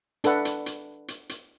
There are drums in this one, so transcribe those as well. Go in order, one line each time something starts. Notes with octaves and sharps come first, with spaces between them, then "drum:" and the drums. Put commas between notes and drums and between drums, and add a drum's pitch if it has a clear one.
D4 A4 B4 F#5, drum: hi-hat
drum: hi-hat
drum: hi-hat
drum: hi-hat
drum: hi-hat